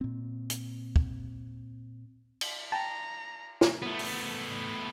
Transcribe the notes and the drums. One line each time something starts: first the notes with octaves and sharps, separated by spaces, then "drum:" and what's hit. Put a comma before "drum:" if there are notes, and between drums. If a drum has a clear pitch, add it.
A#2 C4
drum: hi-hat
drum: kick
drum: cymbal
G5 A5 A#5
drum: snare
A3 B3
drum: open hi-hat